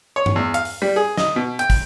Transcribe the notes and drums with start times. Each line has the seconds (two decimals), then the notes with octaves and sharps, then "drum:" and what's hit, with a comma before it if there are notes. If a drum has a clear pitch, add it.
0.16 C#5
0.26 drum: tom G2
0.36 E2
0.54 F5, drum: hi-hat
0.65 drum: open hi-hat
0.82 G3
0.96 G#4
1.17 D#5, drum: snare
1.36 B2
1.59 G5, drum: hi-hat
1.70 drum: kick, open hi-hat